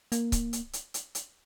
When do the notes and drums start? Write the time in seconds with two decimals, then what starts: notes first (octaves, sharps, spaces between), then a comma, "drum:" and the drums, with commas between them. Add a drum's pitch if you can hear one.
0.12 A#3, drum: hi-hat
0.32 drum: kick C#1, hi-hat
0.53 drum: hi-hat
0.73 drum: hi-hat
0.94 drum: hi-hat
1.15 drum: hi-hat